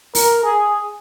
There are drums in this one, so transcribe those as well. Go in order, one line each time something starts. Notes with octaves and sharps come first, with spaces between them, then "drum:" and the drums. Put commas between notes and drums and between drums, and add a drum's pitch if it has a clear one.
A#4, drum: open hi-hat
G#4